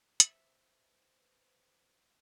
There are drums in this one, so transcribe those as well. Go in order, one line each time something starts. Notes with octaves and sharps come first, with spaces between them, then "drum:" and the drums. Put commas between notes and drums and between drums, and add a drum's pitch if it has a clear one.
B4 C5 E5, drum: hi-hat